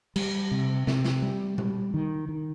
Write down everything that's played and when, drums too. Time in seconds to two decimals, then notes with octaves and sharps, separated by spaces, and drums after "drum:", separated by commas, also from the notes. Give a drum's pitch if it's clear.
0.16 G3, drum: cymbal
0.51 C3
0.87 C3, drum: snare
1.05 drum: snare
1.22 G3
1.58 G3, drum: tom A#2
1.94 D#3
2.29 D#3